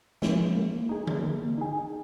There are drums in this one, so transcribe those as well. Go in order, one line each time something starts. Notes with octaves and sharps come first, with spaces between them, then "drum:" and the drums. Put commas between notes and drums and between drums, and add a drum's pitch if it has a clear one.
F3 G#3 C#4, drum: snare
A#3
D#4 G#4
drum: tom D3
A#3
D#4 G#4